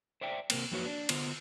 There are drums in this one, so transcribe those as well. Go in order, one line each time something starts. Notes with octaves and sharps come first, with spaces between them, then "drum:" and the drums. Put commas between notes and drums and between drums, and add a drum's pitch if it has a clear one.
C5 D5 E5 G5
C3 A#3 C4, drum: cymbal
F#2 F3 A#3 F#4 B4 C#5
D4
D3 B3 F4 C5, drum: cymbal